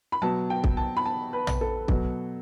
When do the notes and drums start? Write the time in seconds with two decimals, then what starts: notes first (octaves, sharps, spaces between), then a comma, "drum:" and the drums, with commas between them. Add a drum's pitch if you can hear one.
0.12 B5
0.22 B2 F#3 A5
0.50 G5
0.64 drum: kick
0.77 A5
0.97 B5
1.05 A5
1.33 B4
1.47 drum: tom A#1
1.61 A4
1.88 B2 F#3, drum: kick